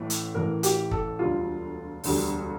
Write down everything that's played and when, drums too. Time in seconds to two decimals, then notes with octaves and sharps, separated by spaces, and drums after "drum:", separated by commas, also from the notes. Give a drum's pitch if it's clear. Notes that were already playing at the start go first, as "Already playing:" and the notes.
Already playing: A1 A2 E3 A3
0.10 drum: hi-hat
0.34 A1 A2 E3 A3 A#4
0.63 G4, drum: hi-hat
0.91 A4, drum: kick
1.19 E1 D2 D3 G3 F4
2.04 E1 D2 D3 G3, drum: open hi-hat